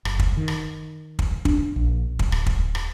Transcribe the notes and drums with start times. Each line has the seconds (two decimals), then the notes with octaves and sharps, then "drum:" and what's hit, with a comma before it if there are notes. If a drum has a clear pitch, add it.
0.05 F#1, drum: rim click
0.19 drum: kick
0.37 D#3
0.48 drum: rim click
1.19 drum: kick
1.45 D4, drum: kick
1.76 A#1
2.19 D1, drum: kick
2.32 drum: rim click
2.46 drum: kick
2.75 drum: rim click